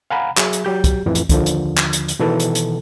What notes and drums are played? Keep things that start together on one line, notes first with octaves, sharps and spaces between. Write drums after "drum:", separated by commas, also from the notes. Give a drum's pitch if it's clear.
F5 F#5 G#5 A#5 B5
F#3 G#4 E5, drum: clap
drum: hi-hat
F#3 G4 G6
drum: kick, hi-hat
F2 A2 E3
drum: hi-hat
D#2 D3 F3, drum: kick, hi-hat
drum: hi-hat
drum: clap
drum: hi-hat
drum: hi-hat
B2 D#3 E3 A4
drum: hi-hat
drum: hi-hat